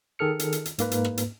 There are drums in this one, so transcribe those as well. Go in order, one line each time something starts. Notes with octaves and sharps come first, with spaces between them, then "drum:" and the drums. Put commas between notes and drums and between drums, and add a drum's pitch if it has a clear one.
D#3 G#4 A4 F6 C#7
drum: hi-hat
drum: hi-hat
drum: hi-hat
G#2 A#3 B4, drum: hi-hat
drum: hi-hat
drum: rim click
drum: hi-hat